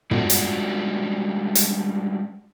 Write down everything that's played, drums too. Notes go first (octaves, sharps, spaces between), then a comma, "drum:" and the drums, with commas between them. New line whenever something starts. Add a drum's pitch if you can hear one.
G3 G#3 C#4 D4 F4 F#4, drum: tom
drum: hi-hat
drum: hi-hat